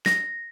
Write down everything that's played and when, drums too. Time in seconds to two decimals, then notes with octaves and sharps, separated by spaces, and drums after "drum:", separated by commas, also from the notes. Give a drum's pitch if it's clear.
0.06 A#6, drum: snare